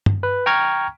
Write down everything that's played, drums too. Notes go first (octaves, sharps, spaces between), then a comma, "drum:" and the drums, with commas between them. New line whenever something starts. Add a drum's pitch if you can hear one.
drum: tom G2
B4
G5 A#5 C#6 F6 G#6